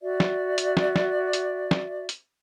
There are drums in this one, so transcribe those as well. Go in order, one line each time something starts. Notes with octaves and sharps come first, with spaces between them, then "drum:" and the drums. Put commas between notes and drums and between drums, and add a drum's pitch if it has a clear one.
F#4 D5 E5
drum: snare
drum: hi-hat
drum: snare
drum: snare
drum: hi-hat
drum: snare
drum: hi-hat